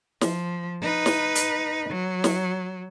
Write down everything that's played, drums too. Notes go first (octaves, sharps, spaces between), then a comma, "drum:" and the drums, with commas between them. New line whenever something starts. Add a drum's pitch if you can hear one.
F3, drum: snare
D#4 B4
drum: snare
drum: hi-hat
F#3
drum: snare